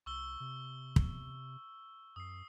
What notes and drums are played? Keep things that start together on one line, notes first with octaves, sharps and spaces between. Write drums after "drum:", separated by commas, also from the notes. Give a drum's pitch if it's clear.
C2 C#6 E6 G7
C3
drum: kick
F#2 D#6 C7